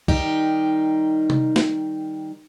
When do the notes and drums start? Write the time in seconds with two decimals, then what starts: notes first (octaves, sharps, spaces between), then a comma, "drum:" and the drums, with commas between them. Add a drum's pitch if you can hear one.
0.08 D#3 G3 D#4 G4, drum: kick
1.30 drum: tom C3
1.56 drum: snare